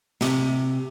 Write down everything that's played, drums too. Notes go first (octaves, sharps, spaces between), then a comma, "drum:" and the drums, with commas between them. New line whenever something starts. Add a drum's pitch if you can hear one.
C3, drum: snare